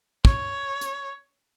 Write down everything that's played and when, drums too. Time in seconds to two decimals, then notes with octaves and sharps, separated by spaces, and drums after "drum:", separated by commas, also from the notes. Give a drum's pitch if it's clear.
0.25 C#5, drum: kick
0.81 drum: hi-hat